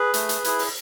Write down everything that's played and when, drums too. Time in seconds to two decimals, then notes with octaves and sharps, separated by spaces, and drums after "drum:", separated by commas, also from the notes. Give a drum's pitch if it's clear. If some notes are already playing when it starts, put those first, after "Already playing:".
Already playing: G#4 B4
0.14 A3, drum: hi-hat
0.29 drum: hi-hat
0.44 E4 G#4, drum: hi-hat
0.59 drum: open hi-hat